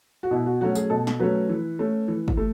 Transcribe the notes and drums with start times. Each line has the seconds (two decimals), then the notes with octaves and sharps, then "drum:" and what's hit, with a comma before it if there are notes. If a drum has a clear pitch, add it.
0.23 F#4
0.31 B2 E4
0.46 F#4
0.61 F#3 A3 C#4 F#4
0.75 G#4, drum: tambourine
0.90 B2 A4
1.07 drum: snare
1.20 F#3 A3 C#4 B4
1.49 E3
1.79 A3 C#4
2.08 E3
2.28 drum: kick
2.37 A3